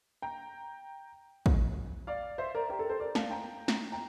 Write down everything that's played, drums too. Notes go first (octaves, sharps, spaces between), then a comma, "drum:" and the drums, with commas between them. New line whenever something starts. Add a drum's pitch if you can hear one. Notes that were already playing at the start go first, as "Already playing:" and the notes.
G5 A#5
drum: kick
D5 F5
C5 E5
A#4 D5
G4 A#4
A4
A4 C5
A#4 D5
F5 A5, drum: snare
G5 A#5
drum: snare
G5 A#5